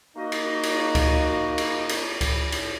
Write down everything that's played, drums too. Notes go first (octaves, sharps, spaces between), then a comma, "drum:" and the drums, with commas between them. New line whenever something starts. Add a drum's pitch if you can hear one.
A#3 D#4 F#4 D#5
drum: cymbal
drum: cymbal
drum: kick C#2, cymbal
drum: cymbal
drum: cymbal
drum: kick C#2, cymbal
drum: cymbal